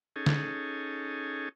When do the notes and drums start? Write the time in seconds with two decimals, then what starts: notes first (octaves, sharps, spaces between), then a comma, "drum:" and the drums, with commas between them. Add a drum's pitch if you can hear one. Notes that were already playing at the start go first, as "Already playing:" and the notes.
0.16 C#4 D#4 G#4 A4
0.26 drum: snare D3